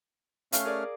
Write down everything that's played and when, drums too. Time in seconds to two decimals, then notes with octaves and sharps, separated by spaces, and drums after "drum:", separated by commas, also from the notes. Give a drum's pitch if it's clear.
0.52 A3 C#4 F5 F6, drum: hi-hat
0.65 G#4 A#4 D5